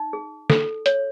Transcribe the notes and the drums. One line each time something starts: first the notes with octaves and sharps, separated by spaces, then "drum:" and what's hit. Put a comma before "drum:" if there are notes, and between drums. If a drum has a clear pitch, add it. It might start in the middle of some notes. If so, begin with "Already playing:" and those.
Already playing: D#4
G#4
A4, drum: snare
C#5, drum: hi-hat